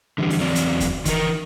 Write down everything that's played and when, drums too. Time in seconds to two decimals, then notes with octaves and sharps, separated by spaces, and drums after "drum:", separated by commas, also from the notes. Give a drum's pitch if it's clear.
0.18 D3 E3 G3
0.30 drum: open hi-hat
0.40 E2 F#3 C4 D5
0.55 drum: hi-hat
0.80 drum: kick F1, hi-hat
1.05 D#3 E3 D#4 A#4, drum: kick F1, hi-hat